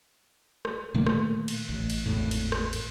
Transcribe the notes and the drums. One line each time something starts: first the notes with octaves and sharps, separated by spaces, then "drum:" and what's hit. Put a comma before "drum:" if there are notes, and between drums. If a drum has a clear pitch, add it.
drum: rim click
A#2 D#3 A3 A#3
drum: rim click
drum: cymbal
A1
drum: cymbal
G#1 E2 A2
drum: cymbal
drum: rim click
drum: cymbal